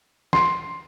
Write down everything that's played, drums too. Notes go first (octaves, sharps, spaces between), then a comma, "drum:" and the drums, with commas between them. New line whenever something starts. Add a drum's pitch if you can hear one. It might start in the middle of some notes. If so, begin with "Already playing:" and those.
C6, drum: snare